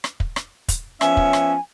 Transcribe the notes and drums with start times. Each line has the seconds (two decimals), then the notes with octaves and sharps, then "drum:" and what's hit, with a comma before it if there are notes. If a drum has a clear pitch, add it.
0.04 drum: rim click
0.20 drum: kick
0.36 drum: rim click
0.69 drum: kick, hi-hat
1.01 F3 B3 C#4 E5 G#5, drum: rim click
1.17 drum: kick
1.33 drum: rim click